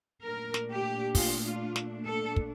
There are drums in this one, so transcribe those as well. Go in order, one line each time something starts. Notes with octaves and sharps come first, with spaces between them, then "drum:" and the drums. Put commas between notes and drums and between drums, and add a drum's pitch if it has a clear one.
A#2 A3 D4 A#4
drum: snare
G4
F4, drum: kick, open hi-hat
F4
drum: snare
A4
drum: kick